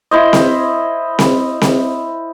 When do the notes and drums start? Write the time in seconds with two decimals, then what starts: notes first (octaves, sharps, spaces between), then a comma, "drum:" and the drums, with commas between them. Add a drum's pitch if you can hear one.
0.11 E4 C5 D#5
0.33 drum: snare C4
1.19 drum: snare C4
1.61 drum: snare C4